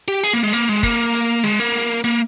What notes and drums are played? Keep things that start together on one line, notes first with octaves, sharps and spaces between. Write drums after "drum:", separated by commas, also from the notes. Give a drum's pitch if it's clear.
G4
G#4, drum: hi-hat
A#3
G#3
A#3, drum: hi-hat
G#3
A#3, drum: kick, hi-hat
drum: hi-hat
G#3, drum: snare
A#3
drum: open hi-hat
A#3, drum: hi-hat